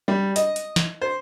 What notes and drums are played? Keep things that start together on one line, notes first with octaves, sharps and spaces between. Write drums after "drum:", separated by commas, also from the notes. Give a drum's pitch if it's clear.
G3
D#5, drum: hi-hat
drum: hi-hat
drum: snare
C5